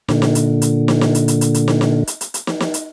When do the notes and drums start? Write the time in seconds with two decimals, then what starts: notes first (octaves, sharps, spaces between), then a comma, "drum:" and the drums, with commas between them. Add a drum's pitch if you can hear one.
0.09 A#2 D3, drum: snare
0.22 drum: snare
0.35 drum: hi-hat
0.62 drum: hi-hat
0.88 drum: snare
1.01 drum: snare
1.15 drum: hi-hat
1.28 drum: hi-hat
1.41 drum: hi-hat
1.54 drum: hi-hat
1.68 drum: snare
1.81 drum: snare
2.07 drum: hi-hat
2.21 drum: hi-hat
2.34 drum: hi-hat
2.47 drum: snare
2.60 drum: snare
2.74 drum: hi-hat